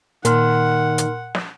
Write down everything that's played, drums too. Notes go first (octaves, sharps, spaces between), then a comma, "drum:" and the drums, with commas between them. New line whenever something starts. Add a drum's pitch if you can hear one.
A#2 D#3 A#4 F#5 C6 F6, drum: hi-hat
drum: hi-hat
drum: snare